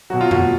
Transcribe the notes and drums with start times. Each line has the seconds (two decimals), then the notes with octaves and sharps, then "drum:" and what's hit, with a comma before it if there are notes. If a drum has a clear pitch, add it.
0.10 B2 F#3 F#4
0.21 F4
0.31 F#4, drum: tom F2